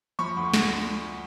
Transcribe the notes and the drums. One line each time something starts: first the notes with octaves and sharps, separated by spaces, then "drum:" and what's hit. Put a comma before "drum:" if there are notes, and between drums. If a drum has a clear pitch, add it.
F3 B5 C#6
D2
D3, drum: snare